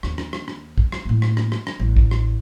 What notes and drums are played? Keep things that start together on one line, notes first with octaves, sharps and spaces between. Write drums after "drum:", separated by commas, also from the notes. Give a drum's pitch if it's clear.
D#2, drum: rim click
drum: rim click
drum: rim click
drum: rim click
drum: kick
drum: rim click
A2 A#3
drum: rim click
drum: rim click
drum: rim click
drum: rim click
A1
drum: kick
drum: rim click